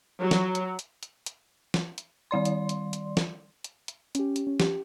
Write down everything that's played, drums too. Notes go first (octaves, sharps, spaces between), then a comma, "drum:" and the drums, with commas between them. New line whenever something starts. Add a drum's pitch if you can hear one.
F#3
drum: snare
drum: hi-hat
drum: hi-hat
drum: hi-hat
drum: hi-hat
drum: snare
drum: hi-hat
D#3 G3 D5 C6
drum: hi-hat
drum: hi-hat
drum: hi-hat
drum: snare
drum: hi-hat
drum: hi-hat
C#4 G4, drum: hi-hat
drum: hi-hat
C#4
G4, drum: snare